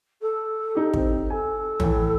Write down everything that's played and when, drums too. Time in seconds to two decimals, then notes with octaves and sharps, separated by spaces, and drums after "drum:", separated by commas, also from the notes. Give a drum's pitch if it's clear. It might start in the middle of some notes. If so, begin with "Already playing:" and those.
0.21 A4
0.75 D#4 G4
0.94 C4, drum: kick
1.30 A4 G#5
1.80 A2 E3, drum: tom